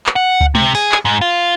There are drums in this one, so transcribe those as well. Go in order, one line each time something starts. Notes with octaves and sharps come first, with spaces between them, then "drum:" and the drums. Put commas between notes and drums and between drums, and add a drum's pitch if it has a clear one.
drum: clap
F#5
drum: kick C#2
C3, drum: tom G#3
G#4, drum: open hi-hat
drum: clap
G#2
F4